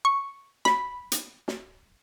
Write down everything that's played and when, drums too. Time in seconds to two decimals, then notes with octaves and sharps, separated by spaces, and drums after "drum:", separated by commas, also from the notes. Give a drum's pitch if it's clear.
0.05 C#6
0.65 B5, drum: snare
1.12 drum: hi-hat
1.48 drum: snare